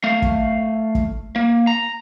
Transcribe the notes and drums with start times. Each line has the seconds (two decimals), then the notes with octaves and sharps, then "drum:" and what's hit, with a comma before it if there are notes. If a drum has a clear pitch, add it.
0.04 A3 F5
0.22 drum: kick
0.95 drum: kick
1.36 A#3
1.67 A#5